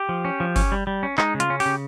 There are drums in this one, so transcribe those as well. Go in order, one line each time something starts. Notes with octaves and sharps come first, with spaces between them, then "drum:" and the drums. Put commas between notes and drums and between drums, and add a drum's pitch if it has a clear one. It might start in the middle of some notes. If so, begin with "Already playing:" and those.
Already playing: G4
F3
C#4
F3
C#4, drum: kick G1, open hi-hat
G3
G3
C#4
G#3 D#4, drum: clap
C#3
F4, drum: hi-hat
C#4
G4, drum: open hi-hat
C#3